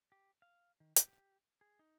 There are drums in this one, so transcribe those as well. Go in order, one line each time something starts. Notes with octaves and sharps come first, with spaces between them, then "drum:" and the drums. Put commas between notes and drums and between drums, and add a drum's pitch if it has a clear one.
G4
F5
D#3
G4, drum: hi-hat
G#4
D#4